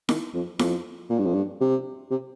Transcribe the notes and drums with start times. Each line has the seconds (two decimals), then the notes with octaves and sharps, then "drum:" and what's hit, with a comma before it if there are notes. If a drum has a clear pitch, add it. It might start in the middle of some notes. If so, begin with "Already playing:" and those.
0.09 D#3, drum: snare E4
0.34 F2
0.59 F2, drum: snare E4
1.10 A#2
1.19 G2
1.26 F2
1.34 G2
1.61 C3
2.11 C3